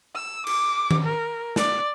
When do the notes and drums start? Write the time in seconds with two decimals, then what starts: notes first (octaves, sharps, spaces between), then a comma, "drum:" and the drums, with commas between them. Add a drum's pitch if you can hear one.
0.15 E6
0.47 D6, drum: cymbal
0.91 drum: tom D#3
1.04 A#4
1.56 D5, drum: snare